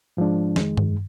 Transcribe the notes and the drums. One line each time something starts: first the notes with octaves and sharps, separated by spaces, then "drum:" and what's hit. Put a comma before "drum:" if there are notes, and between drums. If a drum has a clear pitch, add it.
G#2 F3 G#3 D4
F2 D#3 G#3, drum: snare
drum: tom G2